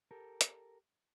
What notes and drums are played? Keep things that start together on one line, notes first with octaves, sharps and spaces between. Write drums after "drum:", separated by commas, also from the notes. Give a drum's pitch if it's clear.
G4 A4 A#4
drum: hi-hat